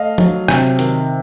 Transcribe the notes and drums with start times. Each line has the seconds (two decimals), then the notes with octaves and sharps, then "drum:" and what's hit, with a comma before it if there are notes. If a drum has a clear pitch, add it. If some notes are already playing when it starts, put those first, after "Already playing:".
Already playing: A3 D#5 F5
0.18 F#3, drum: tom
0.48 C3, drum: rim click
0.79 D#3, drum: hi-hat